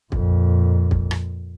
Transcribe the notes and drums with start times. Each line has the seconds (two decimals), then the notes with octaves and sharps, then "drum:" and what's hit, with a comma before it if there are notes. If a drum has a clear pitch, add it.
0.12 F2 A#2, drum: kick
0.91 drum: kick
1.11 drum: rim click